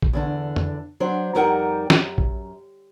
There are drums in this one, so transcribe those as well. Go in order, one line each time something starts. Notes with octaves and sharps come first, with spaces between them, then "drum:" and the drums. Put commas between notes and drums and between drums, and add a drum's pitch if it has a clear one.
drum: kick A1
E2 D3 D4
drum: tom
F#3 D4 C5
F2 G3 D#4 A#4 F#5 G5
F#2, drum: snare
drum: kick A1